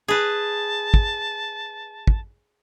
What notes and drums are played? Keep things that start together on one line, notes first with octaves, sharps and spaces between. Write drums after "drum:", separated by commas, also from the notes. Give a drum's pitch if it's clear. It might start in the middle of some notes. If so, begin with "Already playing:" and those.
G#4 B4 A5
drum: kick
drum: kick